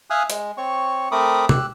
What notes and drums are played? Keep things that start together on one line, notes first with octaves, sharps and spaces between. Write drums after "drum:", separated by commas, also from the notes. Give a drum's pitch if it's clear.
E5 F5 G#5 D#6 E6 F#6
G#3, drum: hi-hat
C4 C#5 C#6
A3 C4 A#4 B5 D6 D#6
G4 E6 F#6, drum: tom B2